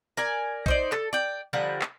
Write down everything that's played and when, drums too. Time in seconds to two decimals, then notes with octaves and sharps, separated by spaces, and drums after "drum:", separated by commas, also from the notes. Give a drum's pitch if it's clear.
0.17 A#4 D5 G#5
0.66 D#4 C5 D5, drum: kick
0.92 A4, drum: clap
1.13 D5 G5
1.53 D3 F3 G3 A#5
1.81 drum: clap